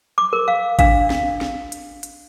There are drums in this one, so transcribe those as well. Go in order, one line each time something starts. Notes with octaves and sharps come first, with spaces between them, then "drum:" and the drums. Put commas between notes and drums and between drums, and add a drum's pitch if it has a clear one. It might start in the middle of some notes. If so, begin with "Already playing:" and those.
D6
A#4
F5
D4 F5, drum: kick G#1, hi-hat
drum: snare
drum: snare
drum: hi-hat
drum: hi-hat